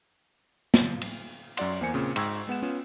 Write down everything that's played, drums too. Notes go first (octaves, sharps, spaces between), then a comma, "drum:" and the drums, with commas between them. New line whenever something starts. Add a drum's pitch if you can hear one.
drum: snare
drum: cymbal
F#2 F#3 F#4 D5 F#5 C6, drum: cymbal
E2 A#3 C5 G#5 C#7
A#2 C#3 C4
G#2 G5 C#6 E6 G#6, drum: cymbal
G#3 B3 F#5 E7
B3 C#4 F4